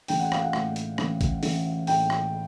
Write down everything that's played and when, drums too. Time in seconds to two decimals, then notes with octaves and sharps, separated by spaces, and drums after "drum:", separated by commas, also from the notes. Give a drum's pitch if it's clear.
0.08 A1 G5, drum: open hi-hat
0.20 F#5
0.32 F5, drum: rim click
0.42 F#5
0.53 A2, drum: rim click
0.76 drum: hi-hat
0.98 A1, drum: rim click
1.21 drum: kick, hi-hat
1.43 A1, drum: open hi-hat
1.87 A2 G5, drum: open hi-hat
2.10 drum: rim click